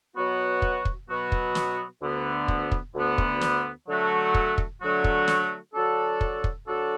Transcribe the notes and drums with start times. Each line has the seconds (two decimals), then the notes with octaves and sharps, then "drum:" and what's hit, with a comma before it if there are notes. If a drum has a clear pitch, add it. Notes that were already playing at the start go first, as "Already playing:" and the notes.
0.15 B2 F#3 B3 F#4
0.62 drum: kick
0.85 drum: kick
1.09 B2 F#3 B3 F#4
1.32 drum: kick
1.55 drum: snare
2.01 D2 D3 B3
2.48 drum: kick
2.72 drum: kick
2.95 D2 D3 B3
3.18 drum: kick
3.41 drum: snare
3.88 D3 F#3 A3 F#4
4.34 drum: kick
4.58 drum: kick
4.81 D3 F#3 A3 F#4
5.04 drum: kick
5.28 drum: snare
5.74 D3 F#3 D4 F#4 A4
6.21 drum: kick
6.44 drum: kick
6.67 D3 F#3 D4 F#4 A4